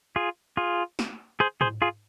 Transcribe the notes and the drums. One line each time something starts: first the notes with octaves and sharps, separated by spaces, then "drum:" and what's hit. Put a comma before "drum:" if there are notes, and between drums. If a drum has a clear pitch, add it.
F4 G#4
F4 G#4
drum: snare
G#4 C5
G#4 C5, drum: tom G#2
F4 G#4